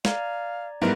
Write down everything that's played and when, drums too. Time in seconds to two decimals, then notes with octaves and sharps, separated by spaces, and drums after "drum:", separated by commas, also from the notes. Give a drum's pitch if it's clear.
0.05 D5 F5 A#5 G#6, drum: snare
0.82 G#2 G3 B3 E4 A#4 B4